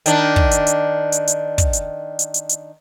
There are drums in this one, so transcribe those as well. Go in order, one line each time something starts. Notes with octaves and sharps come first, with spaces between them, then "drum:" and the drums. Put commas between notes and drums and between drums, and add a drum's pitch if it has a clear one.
D#3 D4, drum: hi-hat
drum: kick
drum: hi-hat
drum: hi-hat
drum: hi-hat
drum: hi-hat
drum: kick, hi-hat
drum: hi-hat
drum: hi-hat
drum: hi-hat
drum: hi-hat